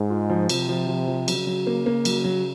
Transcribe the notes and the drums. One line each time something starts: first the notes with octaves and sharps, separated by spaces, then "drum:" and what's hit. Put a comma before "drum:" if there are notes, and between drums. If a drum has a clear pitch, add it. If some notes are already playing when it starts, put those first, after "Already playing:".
Already playing: G#2
F4
F3
C3 F3, drum: cymbal
F3
F3
F3
C#3 F#3, drum: cymbal
F#3
A#3
A#3
F#3, drum: cymbal
F#3